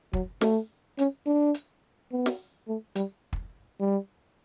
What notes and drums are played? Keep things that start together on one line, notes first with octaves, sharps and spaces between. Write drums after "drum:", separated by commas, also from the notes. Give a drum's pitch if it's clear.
F#3, drum: kick
A3, drum: snare
C#4, drum: hi-hat
D4
drum: hi-hat
B3
drum: snare
A3
G3, drum: hi-hat
drum: kick
G3